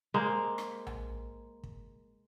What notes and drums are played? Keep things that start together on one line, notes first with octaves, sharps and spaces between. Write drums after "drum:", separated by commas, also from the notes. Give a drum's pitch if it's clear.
G#3 A#3 C5
drum: rim click
drum: tom A#1
drum: kick